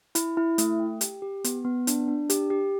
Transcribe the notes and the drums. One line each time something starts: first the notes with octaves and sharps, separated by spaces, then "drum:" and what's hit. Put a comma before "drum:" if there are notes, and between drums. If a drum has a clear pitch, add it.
E4, drum: hi-hat
E4
A3, drum: hi-hat
G5
G4, drum: hi-hat
G4
B3, drum: hi-hat
B3
D4, drum: hi-hat
D4
G4, drum: hi-hat
G4